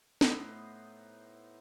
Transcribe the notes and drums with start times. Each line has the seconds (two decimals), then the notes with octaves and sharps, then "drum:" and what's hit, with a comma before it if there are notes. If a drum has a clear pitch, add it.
0.21 A2 B3 D#4 C5, drum: snare